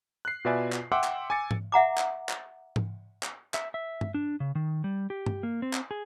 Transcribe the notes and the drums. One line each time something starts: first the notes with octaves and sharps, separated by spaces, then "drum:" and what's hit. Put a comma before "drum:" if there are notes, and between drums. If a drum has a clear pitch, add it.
F#6 C7
B2 F4 B4 D5 E5 G#5
drum: clap
E5 F#5 G5 C6 D6 E6
drum: clap
G#5 D6 A6 C#7
drum: tom G#2
E5 F#5 A#5 D6
drum: clap
drum: clap
drum: tom G#2
drum: clap
E5, drum: clap
E5
drum: tom G2
D4
C#3
D#3
G3
G4
drum: tom G2
A#3
C4
drum: clap
G#4